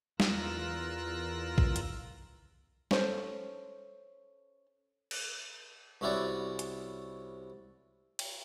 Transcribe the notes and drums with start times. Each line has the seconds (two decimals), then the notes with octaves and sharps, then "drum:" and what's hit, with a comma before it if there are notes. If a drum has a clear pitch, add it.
0.20 E2 F4 A#4 E6 F#6 A#6, drum: snare
1.58 drum: kick A#1
1.76 drum: hi-hat
2.91 C#4 A4 C5, drum: snare
5.11 drum: cymbal
6.01 C2 C#4 E4 F#4 C#5 D5
6.59 drum: hi-hat
8.19 drum: cymbal